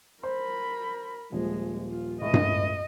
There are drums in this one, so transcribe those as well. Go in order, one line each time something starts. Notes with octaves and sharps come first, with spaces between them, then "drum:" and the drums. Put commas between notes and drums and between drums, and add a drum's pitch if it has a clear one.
A#4 C5 B5
D#1 F3 G#3
F4
C#2 A2 D#5
drum: tom G2